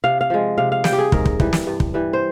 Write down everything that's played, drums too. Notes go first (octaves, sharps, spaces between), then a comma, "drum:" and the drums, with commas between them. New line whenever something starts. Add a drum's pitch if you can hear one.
C3 F5
F5
F3 G#3
C3 F5
F5
G3 G5, drum: snare
G4
G#4
G#2 A#4, drum: kick
drum: kick
E3 G3, drum: kick
drum: snare
G2
drum: kick
E3 G3
C5